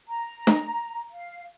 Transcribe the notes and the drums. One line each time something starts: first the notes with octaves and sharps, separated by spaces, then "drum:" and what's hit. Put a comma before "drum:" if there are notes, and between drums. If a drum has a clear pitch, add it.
A#5
drum: snare
F5